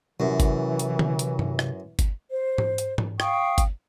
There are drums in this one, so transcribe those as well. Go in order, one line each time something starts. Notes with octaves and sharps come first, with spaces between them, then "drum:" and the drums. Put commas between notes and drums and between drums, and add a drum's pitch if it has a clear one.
F#2 C3 E3 E4 B4 E5
drum: kick G1, hi-hat
drum: hi-hat
drum: tom D3
drum: hi-hat
drum: tom G2
drum: rim click
drum: kick G1, hi-hat
C5
drum: tom G#2
drum: hi-hat
drum: tom G#2
F5 G5 C#6 D#6, drum: rim click
drum: kick G1, hi-hat